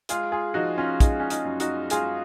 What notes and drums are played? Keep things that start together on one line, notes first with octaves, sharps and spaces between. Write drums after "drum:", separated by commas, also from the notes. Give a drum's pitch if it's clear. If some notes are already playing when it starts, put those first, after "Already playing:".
G#3 F4 G#4, drum: hi-hat
F4 G#4
F3 D#4 F#4
C#4 F4
G#3 D#4, drum: kick, hi-hat
C#4
D#4, drum: hi-hat
F#2
D#4 F#4, drum: hi-hat
G#3 F4 G#4, drum: hi-hat